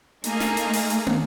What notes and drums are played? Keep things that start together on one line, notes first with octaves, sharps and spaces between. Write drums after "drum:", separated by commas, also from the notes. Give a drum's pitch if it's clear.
A3 A#3 D#4 G#4, drum: hi-hat
drum: snare
drum: hi-hat
drum: open hi-hat
drum: hi-hat
drum: tom